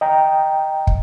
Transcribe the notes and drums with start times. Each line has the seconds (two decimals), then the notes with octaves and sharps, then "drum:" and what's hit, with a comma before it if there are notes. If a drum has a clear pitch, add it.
0.01 D#5 G5 A#5
0.87 drum: kick